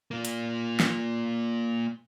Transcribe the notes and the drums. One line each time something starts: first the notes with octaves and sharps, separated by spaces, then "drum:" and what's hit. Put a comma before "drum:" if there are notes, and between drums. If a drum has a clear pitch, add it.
A#3 F4
drum: hi-hat
drum: snare